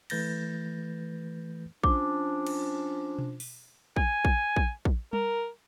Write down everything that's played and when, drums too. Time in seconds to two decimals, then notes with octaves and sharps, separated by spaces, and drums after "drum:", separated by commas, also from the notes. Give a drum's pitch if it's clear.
0.10 E3 A3 B4 G6 A6 A#6, drum: cymbal
1.83 F3 C#4 D4 D6, drum: kick
2.47 drum: cymbal
3.19 drum: tom B2
3.40 drum: open hi-hat
3.96 G#5, drum: kick
4.25 drum: kick
4.56 drum: kick
4.85 drum: kick
5.13 A#4, drum: tom G3